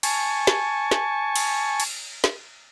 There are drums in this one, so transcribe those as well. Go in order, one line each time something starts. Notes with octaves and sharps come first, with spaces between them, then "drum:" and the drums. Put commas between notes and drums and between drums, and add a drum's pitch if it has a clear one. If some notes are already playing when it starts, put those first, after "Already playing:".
G#5 A5 C#6, drum: cymbal
drum: snare
drum: snare
drum: cymbal
drum: cymbal
drum: snare